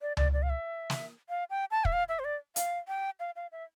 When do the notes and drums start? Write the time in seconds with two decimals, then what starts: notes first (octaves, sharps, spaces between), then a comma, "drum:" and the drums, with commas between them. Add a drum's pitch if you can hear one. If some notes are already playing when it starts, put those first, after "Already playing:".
0.02 D5
0.17 D5, drum: tom C#2
0.33 D5
0.43 F5
0.49 E5
0.90 drum: snare
1.29 F5
1.50 G5
1.71 A5
1.85 E5, drum: kick
1.93 F5
2.09 E5
2.19 C5
2.25 D5
2.56 F5, drum: hi-hat
2.88 G5
3.20 F5
3.36 F5
3.52 E5